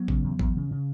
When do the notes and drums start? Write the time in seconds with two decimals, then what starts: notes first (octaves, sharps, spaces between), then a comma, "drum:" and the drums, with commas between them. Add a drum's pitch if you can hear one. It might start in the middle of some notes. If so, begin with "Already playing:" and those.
Already playing: F#3 B3
0.08 C#3, drum: kick G#1
0.24 E2
0.39 E2, drum: kick G#1
0.56 C#3
0.71 C#3